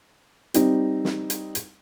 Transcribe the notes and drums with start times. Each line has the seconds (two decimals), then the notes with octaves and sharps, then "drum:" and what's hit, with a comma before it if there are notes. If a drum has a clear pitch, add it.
0.54 G3 C4 D#4, drum: hi-hat
1.05 drum: snare
1.30 drum: hi-hat
1.55 drum: hi-hat